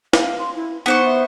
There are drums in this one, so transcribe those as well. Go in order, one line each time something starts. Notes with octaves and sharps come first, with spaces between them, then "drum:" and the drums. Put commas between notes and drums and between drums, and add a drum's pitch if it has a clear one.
F5, drum: snare
C6
E4
B3 D#4 C5 C#6
E5